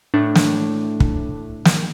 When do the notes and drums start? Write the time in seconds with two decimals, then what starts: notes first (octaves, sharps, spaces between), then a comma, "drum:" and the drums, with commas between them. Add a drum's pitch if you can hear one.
0.14 A2 A3 D4
0.35 drum: snare
1.00 drum: kick
1.65 drum: snare